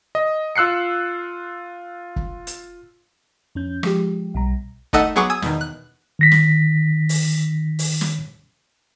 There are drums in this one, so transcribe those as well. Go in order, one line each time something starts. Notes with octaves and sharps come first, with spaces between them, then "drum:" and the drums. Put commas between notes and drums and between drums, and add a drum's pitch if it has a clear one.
D#5
F4 E6 F#6 C7 C#7
drum: kick
drum: hi-hat
F2 C#4 G6
F3 G#3 G4, drum: rim click
B1 G3 A#5
A3 D#4 A4 D#5 E5 F#5, drum: kick
F#3 B3 G#4 F#5 C#6 D6
G#5 D#6 E6 G#6
E2 B2 D#3, drum: snare
F#6
D#3 A#6 B6
drum: snare
drum: open hi-hat
drum: open hi-hat
drum: snare